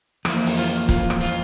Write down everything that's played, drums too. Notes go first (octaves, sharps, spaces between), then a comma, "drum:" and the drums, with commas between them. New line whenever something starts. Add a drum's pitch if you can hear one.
F2 E3 A#3 E4, drum: rim click
drum: open hi-hat
F4
F4, drum: kick, hi-hat
drum: rim click
F4